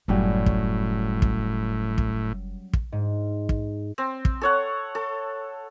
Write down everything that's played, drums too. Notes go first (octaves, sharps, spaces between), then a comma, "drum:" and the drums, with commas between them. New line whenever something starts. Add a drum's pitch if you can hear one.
F#1 A2 F#3 G3 C#4 F4
drum: kick
drum: kick
drum: kick
drum: kick
G#2
drum: kick
C4
drum: kick
A4 C#5 F#5
A4